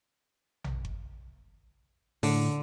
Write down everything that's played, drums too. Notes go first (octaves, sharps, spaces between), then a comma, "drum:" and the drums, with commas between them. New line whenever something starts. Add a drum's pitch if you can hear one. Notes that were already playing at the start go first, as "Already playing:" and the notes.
drum: tom A#1
drum: kick G1
A2 D3, drum: open hi-hat